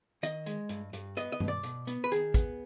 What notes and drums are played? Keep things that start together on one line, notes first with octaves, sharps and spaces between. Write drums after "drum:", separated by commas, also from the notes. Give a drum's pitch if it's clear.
D#3 D#5, drum: hi-hat
G#3, drum: hi-hat
G2, drum: hi-hat
G2, drum: hi-hat
B3 D#5, drum: hi-hat
D#5
B2, drum: tom
D5
B2, drum: hi-hat
B3, drum: hi-hat
B4
D#3 G#4, drum: hi-hat
B3, drum: kick, hi-hat